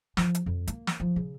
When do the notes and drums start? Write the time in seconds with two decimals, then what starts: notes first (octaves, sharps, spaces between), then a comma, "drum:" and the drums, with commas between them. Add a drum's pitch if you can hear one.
0.17 F3, drum: snare
0.35 drum: hi-hat
0.46 F2
0.67 A#3, drum: hi-hat
0.87 drum: snare
1.00 F3
1.16 C#3